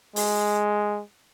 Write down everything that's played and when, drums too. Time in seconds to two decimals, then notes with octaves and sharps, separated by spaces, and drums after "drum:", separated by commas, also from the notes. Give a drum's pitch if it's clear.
0.16 G#3, drum: open hi-hat